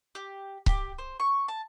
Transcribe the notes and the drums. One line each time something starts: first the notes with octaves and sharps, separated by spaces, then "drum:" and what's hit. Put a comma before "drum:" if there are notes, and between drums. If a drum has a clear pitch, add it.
G4
G4, drum: kick C#1
C5
C#6
A5